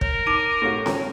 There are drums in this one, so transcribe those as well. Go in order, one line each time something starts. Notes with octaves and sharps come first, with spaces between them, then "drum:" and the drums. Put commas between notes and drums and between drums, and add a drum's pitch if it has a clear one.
A#4 C#5, drum: kick
D#4 D6 D#7
A2 C#4 D#4 F#4 G4 F5
C4 C#4 F4 A5 A#5, drum: snare C#4